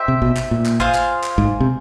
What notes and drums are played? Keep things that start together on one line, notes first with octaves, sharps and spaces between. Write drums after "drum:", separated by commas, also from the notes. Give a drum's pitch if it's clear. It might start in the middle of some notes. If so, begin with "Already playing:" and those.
Already playing: D#4 G4 C5 E5
C3
B2, drum: kick G#1
drum: clap
A#2
drum: clap
F4 G#4 C5 F5, drum: kick G#1
drum: clap
drum: clap
G#2, drum: kick G#1
C3